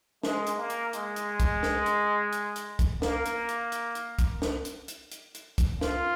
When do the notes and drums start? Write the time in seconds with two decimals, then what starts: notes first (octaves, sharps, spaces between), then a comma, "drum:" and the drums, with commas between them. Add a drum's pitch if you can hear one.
0.23 G#3, drum: snare
0.47 drum: hi-hat
0.58 A#3
0.70 drum: hi-hat
0.93 G#3, drum: hi-hat
1.16 drum: hi-hat
1.40 drum: kick, hi-hat
1.63 drum: snare
1.86 drum: hi-hat
2.33 drum: hi-hat
2.56 drum: hi-hat
2.79 drum: kick, hi-hat
3.02 A#3, drum: snare
3.26 drum: hi-hat
3.49 drum: hi-hat
3.72 drum: hi-hat
3.95 drum: hi-hat
4.19 drum: kick, hi-hat
4.42 drum: snare
4.65 drum: hi-hat
4.88 drum: hi-hat
5.12 drum: hi-hat
5.35 drum: hi-hat
5.58 drum: kick, hi-hat
5.81 F4, drum: snare